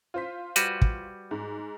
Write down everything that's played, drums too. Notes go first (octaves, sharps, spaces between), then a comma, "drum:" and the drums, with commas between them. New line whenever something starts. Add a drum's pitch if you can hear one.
F4 C5 B6
G3 F#4 B4, drum: hi-hat
drum: kick
G#2